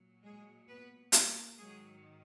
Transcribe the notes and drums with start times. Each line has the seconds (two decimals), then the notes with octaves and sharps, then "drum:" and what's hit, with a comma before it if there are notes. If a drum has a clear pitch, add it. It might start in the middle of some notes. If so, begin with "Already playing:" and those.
Already playing: A#2 F#3
0.24 G#3 G#4
0.68 B3 B4
1.12 A#3 A#4, drum: hi-hat
1.57 G#2 D#3 F#3 G#3 G#4